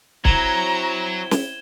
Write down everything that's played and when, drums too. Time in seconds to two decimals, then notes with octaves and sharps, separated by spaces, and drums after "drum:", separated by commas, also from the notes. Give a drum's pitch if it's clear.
0.25 F#3 C4 E4 A#5 G#6 E7 G7, drum: kick
1.31 drum: snare